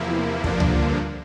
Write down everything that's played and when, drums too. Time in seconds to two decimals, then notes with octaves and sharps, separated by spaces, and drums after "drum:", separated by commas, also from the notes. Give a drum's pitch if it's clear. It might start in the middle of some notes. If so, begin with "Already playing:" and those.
Already playing: E2 C3 F3 A#3 E4
0.44 G2 D3 F3 A#3 D4, drum: kick
0.60 drum: tom C#2